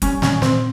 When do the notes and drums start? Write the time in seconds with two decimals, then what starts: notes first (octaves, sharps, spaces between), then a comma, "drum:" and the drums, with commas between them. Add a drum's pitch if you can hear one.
0.02 G3 C#4, drum: kick F#1, hi-hat
0.22 A#2 C#4, drum: snare
0.42 A#2 C4, drum: snare